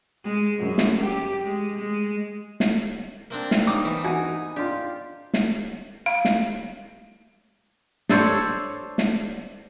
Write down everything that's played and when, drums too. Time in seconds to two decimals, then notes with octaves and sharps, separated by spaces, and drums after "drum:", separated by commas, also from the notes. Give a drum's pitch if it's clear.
0.24 G#3
0.59 F#2
0.78 drum: snare
1.01 G4
1.44 G#3
1.79 G#3
2.60 drum: snare
3.30 A#3 C4 D4
3.51 F5, drum: snare
3.67 D#4 D6
3.85 E3
4.04 D#4 F#4 G#5
4.56 D4 F4 G4
5.34 drum: snare
6.06 F5
6.25 drum: snare
8.09 D4 A4 C5 C#5, drum: snare
8.98 drum: snare